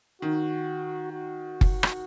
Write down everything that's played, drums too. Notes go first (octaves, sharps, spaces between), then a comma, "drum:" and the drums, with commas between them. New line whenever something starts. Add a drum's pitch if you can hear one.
D#3 F#4
F#4
drum: kick F#1
drum: rim click